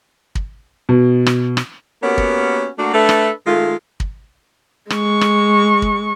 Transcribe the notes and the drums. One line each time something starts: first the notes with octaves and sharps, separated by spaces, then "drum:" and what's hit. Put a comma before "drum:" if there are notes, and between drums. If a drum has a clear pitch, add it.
drum: kick
B2
drum: rim click
drum: rim click
A#3 B3 C#4 F#4 G4 A#4
drum: kick
A3 A#3 D4 F#4
A3 D4 A4 B4 E5
drum: rim click
D#3 G#3 A3 F4
drum: kick
G#3 C#6, drum: rim click
drum: rim click
drum: kick